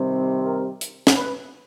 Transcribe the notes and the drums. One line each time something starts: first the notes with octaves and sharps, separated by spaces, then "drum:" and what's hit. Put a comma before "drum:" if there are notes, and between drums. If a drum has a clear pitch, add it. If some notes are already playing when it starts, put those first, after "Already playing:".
Already playing: C3 D#3 G3 C4
A#4
drum: hi-hat
drum: snare
B4